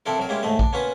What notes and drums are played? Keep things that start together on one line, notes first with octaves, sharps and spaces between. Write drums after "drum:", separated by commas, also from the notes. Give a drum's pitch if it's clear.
F3 C4 D4 E4 A4 A#4
F2 F#3 A#4
G#3 A#3 C#4 E4 F4 G4
D#2 G#2 A3 D#5
D4, drum: kick A#1
A#3 B3 C#4 F4 F#4 B4